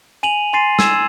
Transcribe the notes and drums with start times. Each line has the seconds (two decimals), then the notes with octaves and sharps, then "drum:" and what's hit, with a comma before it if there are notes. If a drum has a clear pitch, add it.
0.23 G#5 D#7 F7 F#7
0.53 G#5 C6 A6 C7 D#7
0.79 E6 G#6 E7, drum: snare